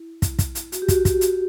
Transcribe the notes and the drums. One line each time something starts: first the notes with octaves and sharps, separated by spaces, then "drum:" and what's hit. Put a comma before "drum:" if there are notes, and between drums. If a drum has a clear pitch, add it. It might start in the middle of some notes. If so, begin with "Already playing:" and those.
Already playing: E4
drum: kick, hi-hat
drum: kick, hi-hat
drum: hi-hat
F#4, drum: hi-hat
G4
F#4, drum: kick, hi-hat
F#4, drum: kick, hi-hat
drum: hi-hat